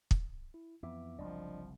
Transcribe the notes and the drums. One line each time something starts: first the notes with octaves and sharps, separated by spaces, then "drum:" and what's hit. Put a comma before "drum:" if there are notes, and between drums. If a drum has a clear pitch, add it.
drum: kick
E4
F2 E3 B3 E5 D6
F#1 C2 F#2 F3 D4 D5 D#5